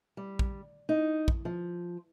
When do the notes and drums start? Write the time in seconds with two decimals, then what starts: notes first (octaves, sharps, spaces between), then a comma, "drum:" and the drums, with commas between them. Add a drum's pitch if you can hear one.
0.17 G3
0.39 drum: kick
0.89 D#4
1.28 drum: kick
1.45 F3